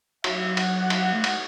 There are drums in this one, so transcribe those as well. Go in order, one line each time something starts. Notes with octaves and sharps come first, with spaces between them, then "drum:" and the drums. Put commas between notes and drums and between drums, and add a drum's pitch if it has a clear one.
F#3 E5, drum: cymbal
F#5, drum: cymbal
drum: cymbal
A3
G#3, drum: cymbal